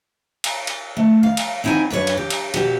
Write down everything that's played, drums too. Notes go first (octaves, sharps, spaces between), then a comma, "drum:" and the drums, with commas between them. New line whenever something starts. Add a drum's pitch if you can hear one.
drum: cymbal
drum: cymbal
A3
F5
drum: cymbal
C4 D#4 E4 F#5 G#5
F#2 D4 B4 C#5 F5
drum: cymbal
G4
drum: cymbal
B2 F#4 G4, drum: cymbal